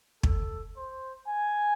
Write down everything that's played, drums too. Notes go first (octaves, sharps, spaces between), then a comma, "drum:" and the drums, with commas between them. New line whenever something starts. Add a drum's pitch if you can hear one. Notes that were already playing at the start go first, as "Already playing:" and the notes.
A4, drum: kick
C5
G#5